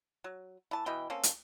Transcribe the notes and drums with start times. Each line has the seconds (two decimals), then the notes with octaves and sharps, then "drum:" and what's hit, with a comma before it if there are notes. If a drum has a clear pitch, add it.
0.24 F#3
0.71 E3 A5
0.86 B2 E3 D#5 G5
1.10 A#3 C4 C#4 A4
1.23 drum: hi-hat